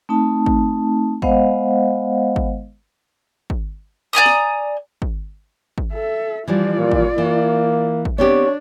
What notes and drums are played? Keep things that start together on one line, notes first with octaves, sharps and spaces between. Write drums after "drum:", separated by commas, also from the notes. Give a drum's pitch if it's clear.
A3 C4 D#4 A5
drum: kick
G#3 B3 C5 D#5 F5 F#5, drum: kick
drum: kick
drum: kick
D5 G#5 A#5 D#6
drum: snare
drum: kick
drum: kick
A4 E5
E3 F3 G3 F4 D5
A#2
drum: kick
E3 A#3
drum: kick
B3 C4 D4 G4 C#5